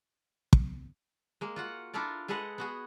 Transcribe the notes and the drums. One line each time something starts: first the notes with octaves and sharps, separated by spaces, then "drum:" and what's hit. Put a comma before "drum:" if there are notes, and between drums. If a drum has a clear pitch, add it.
drum: kick
G#3 A#3
F4 F#4 F#5
D4 E4 F4 A4 A#4 D5
G#3 G#4 A4 B4 D#5 F#5
B3 F#4 G#4